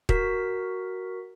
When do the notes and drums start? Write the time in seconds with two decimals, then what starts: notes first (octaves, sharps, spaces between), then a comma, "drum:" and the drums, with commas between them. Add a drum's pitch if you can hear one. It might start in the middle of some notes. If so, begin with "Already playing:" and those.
0.09 F#4 A#4 B6, drum: kick